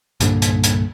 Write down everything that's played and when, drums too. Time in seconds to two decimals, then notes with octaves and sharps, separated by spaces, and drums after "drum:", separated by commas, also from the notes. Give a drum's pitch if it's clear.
0.20 C2 G2 A#2 D3, drum: hi-hat
0.42 drum: hi-hat
0.63 drum: hi-hat